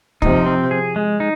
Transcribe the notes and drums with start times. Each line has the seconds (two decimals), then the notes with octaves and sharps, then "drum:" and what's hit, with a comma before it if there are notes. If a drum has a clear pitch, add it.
0.22 C3 F3 D#4, drum: kick
0.46 C4
0.71 G#4
0.96 G#3
1.20 D#4